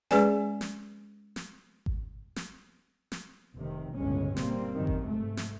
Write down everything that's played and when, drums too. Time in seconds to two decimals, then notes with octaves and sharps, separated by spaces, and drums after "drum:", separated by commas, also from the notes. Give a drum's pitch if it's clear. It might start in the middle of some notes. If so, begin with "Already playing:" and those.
0.11 G#3 C#4 G#4 B4 D5 G#5, drum: snare
0.61 drum: snare
1.36 drum: snare
1.86 drum: kick G#1
2.36 drum: snare
3.12 drum: snare
3.56 F1 C3 D#3
3.97 G1 C#2 A2 G#3 C#4
4.37 F#1 A#2 G3 A#3 C4, drum: snare
4.75 F#2 C3 D#3
4.87 drum: kick G#1
5.11 G#2 A3
5.37 drum: snare